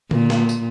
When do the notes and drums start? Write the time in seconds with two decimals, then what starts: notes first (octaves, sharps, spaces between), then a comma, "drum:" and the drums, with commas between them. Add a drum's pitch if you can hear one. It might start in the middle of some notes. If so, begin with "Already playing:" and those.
0.11 A#2, drum: tom D3
0.30 drum: snare
0.49 drum: tambourine